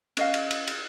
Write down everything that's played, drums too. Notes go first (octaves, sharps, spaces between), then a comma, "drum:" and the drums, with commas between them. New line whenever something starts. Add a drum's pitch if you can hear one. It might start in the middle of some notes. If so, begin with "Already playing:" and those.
C#4 D#5 F5, drum: cymbal
drum: cymbal
drum: cymbal
drum: cymbal